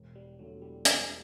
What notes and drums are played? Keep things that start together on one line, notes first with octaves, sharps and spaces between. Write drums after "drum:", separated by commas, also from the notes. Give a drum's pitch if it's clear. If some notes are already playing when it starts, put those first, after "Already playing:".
Already playing: E1
G3
E2 D3 F#3 A3
G3
E1 G3, drum: hi-hat